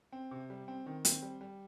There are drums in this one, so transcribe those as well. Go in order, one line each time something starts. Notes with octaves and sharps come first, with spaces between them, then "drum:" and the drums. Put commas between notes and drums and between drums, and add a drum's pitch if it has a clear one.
C4
C3
G3
C4
D#3
C4, drum: hi-hat
G3
G3